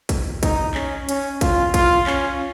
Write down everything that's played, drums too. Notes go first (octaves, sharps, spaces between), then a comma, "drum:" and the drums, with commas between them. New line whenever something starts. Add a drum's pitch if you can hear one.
drum: kick, hi-hat
D#4, drum: kick, hi-hat
C#4, drum: clap
C#4, drum: hi-hat
F4, drum: kick, hi-hat
F4, drum: kick, hi-hat
C#4, drum: clap